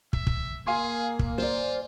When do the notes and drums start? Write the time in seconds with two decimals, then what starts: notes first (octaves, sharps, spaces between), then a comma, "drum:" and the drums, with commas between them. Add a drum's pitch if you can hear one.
0.13 E5, drum: kick
0.27 drum: kick
0.67 A#3 G#4 F5 G#5 C6
1.19 drum: kick
1.38 F4 C5 D5